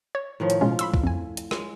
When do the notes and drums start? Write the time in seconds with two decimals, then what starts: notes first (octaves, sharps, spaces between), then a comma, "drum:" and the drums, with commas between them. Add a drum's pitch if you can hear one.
0.15 C#5
0.40 A2 D#3 F3
0.50 drum: hi-hat
0.61 B2 G#3 C#4 F4
0.79 B5 C6 E6, drum: hi-hat
0.94 drum: kick C2
1.04 F2 G#5
1.37 drum: hi-hat
1.51 G#3, drum: rim click